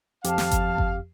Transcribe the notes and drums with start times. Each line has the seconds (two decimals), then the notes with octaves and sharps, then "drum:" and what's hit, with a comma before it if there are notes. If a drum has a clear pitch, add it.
0.24 F2 F3 G4 F5 A5, drum: hi-hat
0.38 drum: snare
0.51 drum: kick G1, hi-hat
0.78 drum: kick G1